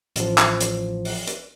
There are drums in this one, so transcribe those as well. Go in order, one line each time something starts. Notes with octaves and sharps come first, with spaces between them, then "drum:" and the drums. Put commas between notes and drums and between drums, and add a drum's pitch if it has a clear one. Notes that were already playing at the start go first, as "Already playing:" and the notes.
A1 F3, drum: hi-hat
drum: clap
drum: hi-hat
drum: open hi-hat
drum: hi-hat